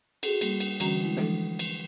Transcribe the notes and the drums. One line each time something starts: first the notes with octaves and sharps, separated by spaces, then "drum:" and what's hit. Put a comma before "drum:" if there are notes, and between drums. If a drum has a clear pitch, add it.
F#4 G#4 A4, drum: cymbal
G3 A#3, drum: cymbal
drum: cymbal
D3 E3 G3 C#4 F#4 A#5, drum: cymbal
G#3 E4
E3 F3 G#3 D4 A4, drum: snare
drum: cymbal